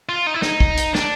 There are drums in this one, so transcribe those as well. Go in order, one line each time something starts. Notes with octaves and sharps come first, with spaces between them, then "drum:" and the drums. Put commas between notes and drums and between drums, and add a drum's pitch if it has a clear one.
F4
D#4
E4
D#4, drum: snare
drum: kick
drum: hi-hat
D4, drum: snare